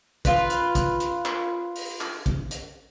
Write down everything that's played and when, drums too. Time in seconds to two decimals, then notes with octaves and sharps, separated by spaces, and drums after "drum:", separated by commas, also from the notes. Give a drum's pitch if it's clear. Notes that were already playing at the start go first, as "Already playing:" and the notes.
0.25 F4 B4, drum: kick, hi-hat
0.50 drum: hi-hat
0.75 drum: kick, hi-hat
1.00 drum: hi-hat
1.25 drum: clap
1.76 drum: open hi-hat
2.01 drum: clap
2.26 drum: kick, hi-hat
2.51 drum: hi-hat